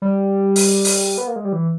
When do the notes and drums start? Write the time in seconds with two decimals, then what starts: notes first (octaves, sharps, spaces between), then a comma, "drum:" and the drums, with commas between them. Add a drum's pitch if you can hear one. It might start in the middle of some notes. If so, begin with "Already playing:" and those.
0.02 G3
0.56 drum: open hi-hat
0.85 drum: open hi-hat
1.18 B3
1.28 A#3
1.36 G#3
1.45 G3
1.53 E3